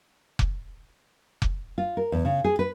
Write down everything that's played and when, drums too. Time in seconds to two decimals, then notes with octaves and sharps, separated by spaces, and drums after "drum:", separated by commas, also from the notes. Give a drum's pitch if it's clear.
0.39 drum: kick F1
1.42 drum: kick F1
1.78 F4
1.97 A#4
2.12 E2
2.25 C#3
2.44 G#4
2.59 B4